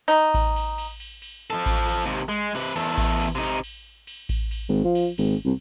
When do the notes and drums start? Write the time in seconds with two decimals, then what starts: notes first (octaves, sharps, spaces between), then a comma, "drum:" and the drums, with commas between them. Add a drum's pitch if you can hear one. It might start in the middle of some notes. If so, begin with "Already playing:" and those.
0.08 D#4
0.34 drum: kick A1, cymbal
0.56 drum: cymbal
0.78 drum: cymbal
1.00 drum: cymbal
1.22 drum: cymbal
1.50 F3 A4
1.66 drum: kick A1, cymbal
1.88 drum: cymbal
2.05 D#2 C3
2.29 G#3
2.55 C3 B4, drum: cymbal
2.76 E2 A4, drum: cymbal
2.98 drum: kick A1, cymbal
3.20 drum: cymbal
3.35 C3 D#4
3.63 drum: cymbal
4.07 drum: cymbal
4.29 drum: kick A1, cymbal
4.51 drum: cymbal
4.69 G#1
4.84 F3
4.95 drum: cymbal
5.18 G#1, drum: cymbal
5.45 C2